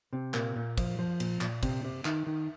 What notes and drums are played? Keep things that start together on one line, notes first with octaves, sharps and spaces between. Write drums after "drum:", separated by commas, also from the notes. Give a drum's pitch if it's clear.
C3
A#2 A#3, drum: clap
A#2
F3, drum: kick, cymbal
F3
A#2, drum: cymbal
A#2, drum: clap
C3, drum: kick, cymbal
C3
D#3, drum: clap
D#3